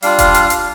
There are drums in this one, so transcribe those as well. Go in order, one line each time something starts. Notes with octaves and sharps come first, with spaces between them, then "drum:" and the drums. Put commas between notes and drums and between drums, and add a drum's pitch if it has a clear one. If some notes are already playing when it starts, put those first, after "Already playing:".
G3 D4 F4 F5, drum: open hi-hat
F5, drum: kick E1, hi-hat
F5, drum: hi-hat
F5, drum: hi-hat